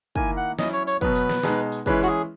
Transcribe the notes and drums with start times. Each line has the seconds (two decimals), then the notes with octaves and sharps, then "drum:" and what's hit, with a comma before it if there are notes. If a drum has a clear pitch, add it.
0.15 D#3 A#3 E4 G#5, drum: kick
0.37 F#5
0.59 F#3 C#4 E4 D#5, drum: snare
0.73 C#5
0.87 C#5, drum: tambourine
1.01 B2 F#3 B3 B4, drum: kick
1.15 drum: tambourine
1.29 drum: snare
1.43 B2 G#3 D#4, drum: snare
1.72 drum: tambourine
1.86 E3 G#3 C#4 E4 B4, drum: kick
2.03 F#4, drum: tambourine
2.07 G#4